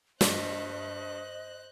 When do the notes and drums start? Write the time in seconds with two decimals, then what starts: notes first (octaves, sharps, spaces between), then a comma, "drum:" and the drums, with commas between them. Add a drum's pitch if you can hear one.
0.21 G2 C5 D#5 F#6, drum: snare